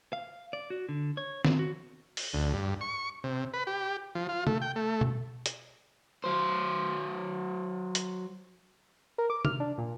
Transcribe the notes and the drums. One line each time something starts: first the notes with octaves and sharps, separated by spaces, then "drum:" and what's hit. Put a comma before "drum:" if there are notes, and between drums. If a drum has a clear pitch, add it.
F5
D5
F#4
D3
C#5
C4, drum: snare D#3
F#4
drum: open hi-hat
D2
G2
C#6
C3
B4
G4
F3
F4
A3, drum: tom C3
G5
A3
drum: tom B2
drum: hi-hat
F#3 C5
drum: hi-hat
A#4
D6
F6, drum: tom C3
D4
A#2